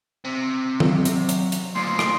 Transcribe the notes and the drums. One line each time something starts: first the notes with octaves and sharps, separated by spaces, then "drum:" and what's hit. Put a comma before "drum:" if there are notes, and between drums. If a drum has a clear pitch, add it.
C3
F#3, drum: tom D#3
drum: hi-hat
drum: hi-hat
drum: hi-hat
D2 A#2 C6
drum: rim click